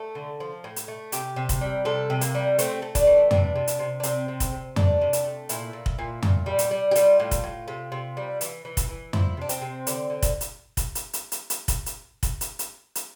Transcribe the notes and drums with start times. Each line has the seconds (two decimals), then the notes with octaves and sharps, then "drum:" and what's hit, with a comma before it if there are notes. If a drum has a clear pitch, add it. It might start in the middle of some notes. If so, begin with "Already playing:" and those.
Already playing: A3 A4
0.15 D3
0.40 F3
0.64 A2
0.76 drum: hi-hat
0.88 A3
1.12 C3 G4, drum: hi-hat
1.36 C3
1.49 drum: kick, hi-hat
1.61 G3
1.85 C3 A4
2.10 C3
2.21 A#3, drum: hi-hat
2.35 G3
2.59 A3 C4, drum: hi-hat
2.82 A3
2.95 D4, drum: kick, hi-hat
3.07 E3
3.31 C3 D4, drum: tom F2
3.56 C3
3.67 drum: hi-hat
3.79 C3
4.00 D4
4.03 C3 C4, drum: hi-hat
4.28 C3
4.40 drum: kick, hi-hat
4.52 C3
4.76 A3 D4, drum: tom F2
5.01 C3
5.13 drum: hi-hat
5.25 A3
5.49 A#2 E4, drum: hi-hat
5.73 A#2
5.86 drum: kick
5.99 A#2
6.23 A#2, drum: tom F2
6.46 G3
6.59 drum: hi-hat
6.71 G3
6.91 G4
6.95 G3 F4, drum: hi-hat
7.20 A2
7.31 drum: kick, hi-hat
7.44 A2
7.68 C3
7.92 C3
8.17 G3
8.41 E3, drum: hi-hat
8.65 E3
8.77 drum: kick, hi-hat
8.89 E3
9.13 F3 E4, drum: tom F2
9.37 C3 D4
9.49 C4, drum: hi-hat
9.61 C3
9.87 D3, drum: hi-hat
10.10 D3
10.22 drum: kick, hi-hat
10.41 drum: hi-hat
10.77 drum: kick, hi-hat
10.95 drum: hi-hat
11.13 drum: hi-hat
11.32 drum: hi-hat
11.50 drum: hi-hat
11.68 drum: kick, hi-hat
11.86 drum: hi-hat
12.23 drum: kick, hi-hat
12.41 drum: hi-hat
12.59 drum: hi-hat
12.95 drum: hi-hat